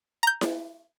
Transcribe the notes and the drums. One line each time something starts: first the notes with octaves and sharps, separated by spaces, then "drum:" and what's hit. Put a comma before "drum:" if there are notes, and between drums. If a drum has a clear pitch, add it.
A#5 G6
drum: snare E4